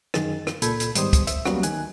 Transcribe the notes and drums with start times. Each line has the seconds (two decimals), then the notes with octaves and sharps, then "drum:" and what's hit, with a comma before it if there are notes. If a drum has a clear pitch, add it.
0.14 F#2 D#3 G#4 A6, drum: rim click
0.47 drum: rim click
0.62 C#2 A#2 A4 B5 G6 G#6, drum: hi-hat
0.80 drum: hi-hat
0.95 G#2 D#3 G3 B3 C5 D#6, drum: hi-hat
1.13 drum: kick, hi-hat
1.27 E5, drum: hi-hat
1.45 F#3 G3 A#3 B3 C#4 F#4, drum: rim click
1.63 D#3 G#5 F#6, drum: hi-hat